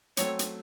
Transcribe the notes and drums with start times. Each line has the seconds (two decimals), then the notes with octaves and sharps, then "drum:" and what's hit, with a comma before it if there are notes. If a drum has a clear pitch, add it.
0.17 F#3 A3 C4 C#5, drum: hi-hat
0.39 drum: hi-hat